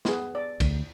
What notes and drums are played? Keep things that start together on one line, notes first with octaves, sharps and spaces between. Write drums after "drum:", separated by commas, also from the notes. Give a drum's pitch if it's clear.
B3 G#4, drum: snare
D5
D2, drum: kick, cymbal